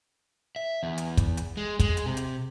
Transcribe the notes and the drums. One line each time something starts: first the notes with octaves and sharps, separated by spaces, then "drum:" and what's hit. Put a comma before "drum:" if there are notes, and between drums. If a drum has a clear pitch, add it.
E5
E2
drum: hi-hat
drum: kick, hi-hat
drum: hi-hat
G#3
G#3, drum: kick, hi-hat
drum: hi-hat
C3
drum: hi-hat